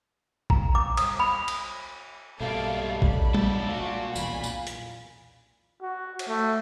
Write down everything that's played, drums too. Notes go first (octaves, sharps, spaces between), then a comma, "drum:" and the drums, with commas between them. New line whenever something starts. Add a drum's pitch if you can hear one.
A#5, drum: kick A#1
D6
D#6, drum: cymbal
B5
drum: cymbal
B1 G2 B2 A3 A#3 A4 D5 F5
D4 B5, drum: kick A#1
G#2 A4, drum: tom G3
A#2 F#4
B1 E2 G#5 B5, drum: tambourine
drum: tambourine
drum: hi-hat
F#4
drum: cymbal
A3